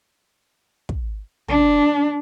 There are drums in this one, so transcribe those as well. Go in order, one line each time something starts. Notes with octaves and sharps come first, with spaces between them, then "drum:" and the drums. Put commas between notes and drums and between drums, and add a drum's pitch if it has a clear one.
drum: kick
D4, drum: tom